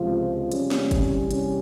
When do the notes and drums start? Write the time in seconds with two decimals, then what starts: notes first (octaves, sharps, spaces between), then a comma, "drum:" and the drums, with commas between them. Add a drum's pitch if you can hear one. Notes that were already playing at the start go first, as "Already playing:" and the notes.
Already playing: C#2 C3 F3 G#3 F4
0.52 E2 C3 G3 C#4, drum: hi-hat
0.71 drum: snare
0.91 drum: kick, hi-hat
1.31 C#4, drum: hi-hat